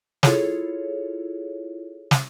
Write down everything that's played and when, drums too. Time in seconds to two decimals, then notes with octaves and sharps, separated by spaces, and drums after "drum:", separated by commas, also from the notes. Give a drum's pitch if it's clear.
0.23 E4 F4 G#4 A4 C#5, drum: snare
2.11 drum: snare